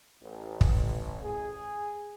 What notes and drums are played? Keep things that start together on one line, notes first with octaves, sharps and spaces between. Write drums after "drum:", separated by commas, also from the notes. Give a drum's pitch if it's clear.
A1
drum: kick
G#4